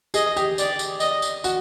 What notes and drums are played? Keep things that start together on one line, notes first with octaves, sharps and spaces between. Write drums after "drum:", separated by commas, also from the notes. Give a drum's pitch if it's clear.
G#4 D#5, drum: tambourine
G4, drum: tambourine
D5, drum: tambourine
drum: tambourine
D#5, drum: tambourine
drum: tambourine
F#4, drum: tambourine